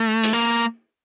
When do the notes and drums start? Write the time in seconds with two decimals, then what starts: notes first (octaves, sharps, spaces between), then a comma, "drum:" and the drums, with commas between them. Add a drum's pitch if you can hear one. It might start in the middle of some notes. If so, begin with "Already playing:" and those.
Already playing: A3
0.24 drum: hi-hat
0.33 A#3